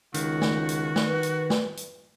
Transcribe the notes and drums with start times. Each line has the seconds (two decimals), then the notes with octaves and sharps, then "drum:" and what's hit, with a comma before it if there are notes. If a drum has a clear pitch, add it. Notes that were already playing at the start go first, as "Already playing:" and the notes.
0.14 C#2 D#3 F#4, drum: hi-hat
0.41 drum: snare
0.69 drum: hi-hat
0.96 drum: snare
1.06 B4
1.23 drum: hi-hat
1.50 drum: snare
1.77 drum: hi-hat